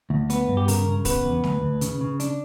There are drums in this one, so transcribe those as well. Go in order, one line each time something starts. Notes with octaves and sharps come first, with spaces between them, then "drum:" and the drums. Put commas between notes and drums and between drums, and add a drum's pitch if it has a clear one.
D2
B3 B4, drum: hi-hat
G2
G4
C#3 A#4, drum: open hi-hat
C#3
B3 B4, drum: kick, open hi-hat
E2
D2, drum: snare
D2
C#3, drum: hi-hat
C#3
D4, drum: hi-hat